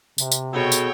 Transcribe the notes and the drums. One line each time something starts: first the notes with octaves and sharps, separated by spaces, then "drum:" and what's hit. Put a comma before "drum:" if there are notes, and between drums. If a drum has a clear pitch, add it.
C3, drum: tambourine
drum: tambourine
B2 B3 G#4 A4 C#5 G5
drum: tambourine